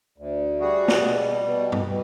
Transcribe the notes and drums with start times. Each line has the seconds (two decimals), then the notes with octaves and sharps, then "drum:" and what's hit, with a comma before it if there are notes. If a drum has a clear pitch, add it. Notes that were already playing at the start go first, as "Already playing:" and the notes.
0.18 D2
0.60 G3 F#4 G#4
0.88 drum: snare
1.02 B2
1.44 B2
1.72 drum: tom G2
1.86 B2